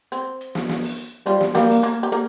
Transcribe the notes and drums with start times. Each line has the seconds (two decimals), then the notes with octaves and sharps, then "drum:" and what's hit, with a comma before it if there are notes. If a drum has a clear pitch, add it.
0.12 C4, drum: hi-hat
0.41 drum: hi-hat
0.55 drum: snare
0.69 drum: snare
0.84 drum: open hi-hat
0.98 drum: hi-hat
1.26 F3 G3 F4, drum: hi-hat
1.41 drum: snare
1.55 G3 A#3 G4, drum: snare
1.69 drum: open hi-hat
1.83 A#3 A#4, drum: hi-hat
2.03 G4
2.12 A#3 A#4, drum: hi-hat